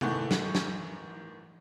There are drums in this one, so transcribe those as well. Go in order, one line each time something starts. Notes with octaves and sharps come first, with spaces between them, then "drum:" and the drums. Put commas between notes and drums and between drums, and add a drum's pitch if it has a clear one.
A1 D#3 E3 A3 F#5 C#6, drum: tom C3
drum: snare
drum: snare